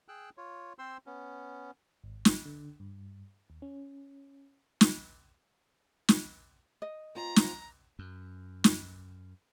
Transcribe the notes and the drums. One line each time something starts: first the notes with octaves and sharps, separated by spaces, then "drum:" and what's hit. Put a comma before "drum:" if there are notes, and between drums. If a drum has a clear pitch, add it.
G#4 G5 E6 F#6
F4 C#5
C4 C5 C6 E6
B3 C#4
G#1
drum: snare
D3
G2
D#2
C#4
drum: snare
drum: snare
D#5
C4 F4 A#5
drum: snare
F#2
drum: snare